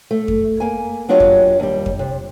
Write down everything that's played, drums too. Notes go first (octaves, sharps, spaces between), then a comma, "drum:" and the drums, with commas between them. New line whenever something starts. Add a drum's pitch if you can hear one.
A3
drum: kick F2
A#3 G#5
F#3 D4 F4 G4 C#5 D#5
drum: kick F2
D#2 G3
drum: kick F2
C3